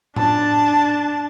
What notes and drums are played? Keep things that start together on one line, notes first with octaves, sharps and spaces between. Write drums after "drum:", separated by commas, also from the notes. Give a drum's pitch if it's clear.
D4 A5, drum: tom A2